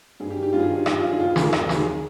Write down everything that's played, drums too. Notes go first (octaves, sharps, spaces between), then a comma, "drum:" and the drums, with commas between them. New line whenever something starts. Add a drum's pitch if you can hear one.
G2 G#4
G4
D#3
G4
G2 F4
G#4
G4
D#3
G#4
G2 G4, drum: rim click
F4
D#3
G#4
D#2 F4
G#4
D#3, drum: snare
A#4
D#2 A#4, drum: rim click
G#4
D#3, drum: snare
G#4